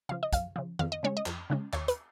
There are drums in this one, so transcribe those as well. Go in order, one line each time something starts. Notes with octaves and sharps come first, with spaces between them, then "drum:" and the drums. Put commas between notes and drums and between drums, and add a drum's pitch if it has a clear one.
C#3 F3 F5
D#5
F#2 F5, drum: kick, hi-hat
C#3 F3
F2 F5, drum: tom D#3
D#5
C#3 G#3 C#4 C#5
D#5
F2, drum: clap
C#3 G#3 C#4
D#2 C#5, drum: clap
B4, drum: hi-hat